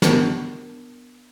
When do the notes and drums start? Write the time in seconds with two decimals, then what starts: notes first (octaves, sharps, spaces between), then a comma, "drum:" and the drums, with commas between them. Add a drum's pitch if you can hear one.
0.02 B3 D4 A#4, drum: snare